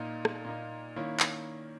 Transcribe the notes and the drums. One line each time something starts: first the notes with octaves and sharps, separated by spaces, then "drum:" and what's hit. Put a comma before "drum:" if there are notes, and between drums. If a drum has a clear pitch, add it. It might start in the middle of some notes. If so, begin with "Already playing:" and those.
Already playing: A#2 A#3 D#4
drum: rim click
A#2 A#3 D#4
D#3 A#3 C#4 E4
drum: clap